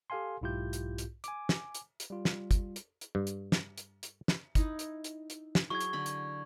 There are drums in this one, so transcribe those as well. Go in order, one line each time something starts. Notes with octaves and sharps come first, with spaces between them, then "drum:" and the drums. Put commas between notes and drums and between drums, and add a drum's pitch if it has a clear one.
G4 A4 F5 G#5 C6
B1 G#2 E4 F4 G4 G6
drum: hi-hat
drum: hi-hat
G#5 D6, drum: hi-hat
drum: snare
drum: hi-hat
drum: hi-hat
G3 F4
drum: snare
drum: kick, hi-hat
drum: hi-hat
drum: hi-hat
G2
drum: hi-hat
drum: snare
drum: hi-hat
drum: hi-hat
drum: snare
D#4 E4, drum: kick, hi-hat
drum: hi-hat
drum: hi-hat
drum: hi-hat
drum: snare
F#3 E4 G#4 C#6 G#6
drum: hi-hat
D3 B5
drum: hi-hat